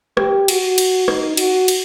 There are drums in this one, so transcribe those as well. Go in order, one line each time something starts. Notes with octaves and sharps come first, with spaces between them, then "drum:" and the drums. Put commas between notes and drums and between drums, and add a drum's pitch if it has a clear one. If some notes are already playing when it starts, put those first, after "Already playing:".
G4, drum: rim click
F#4, drum: cymbal
drum: cymbal
D#4, drum: rim click
F#4, drum: cymbal
drum: cymbal